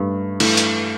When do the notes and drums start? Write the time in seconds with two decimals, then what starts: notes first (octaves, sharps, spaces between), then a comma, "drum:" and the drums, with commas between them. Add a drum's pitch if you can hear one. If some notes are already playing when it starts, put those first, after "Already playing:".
Already playing: G2 A3
0.40 E3 A3, drum: cymbal
0.57 drum: hi-hat